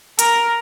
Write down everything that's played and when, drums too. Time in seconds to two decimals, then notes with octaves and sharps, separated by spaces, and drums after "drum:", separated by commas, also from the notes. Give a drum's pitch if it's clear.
0.19 A#4, drum: hi-hat